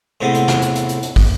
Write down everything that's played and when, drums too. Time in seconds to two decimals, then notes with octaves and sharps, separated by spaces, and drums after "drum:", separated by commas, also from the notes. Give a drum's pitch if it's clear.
0.21 A2 C3 G#3 B3
0.34 drum: hi-hat
0.48 drum: snare
0.62 drum: hi-hat
0.75 drum: hi-hat
0.89 drum: hi-hat
1.03 drum: hi-hat
1.16 drum: kick, open hi-hat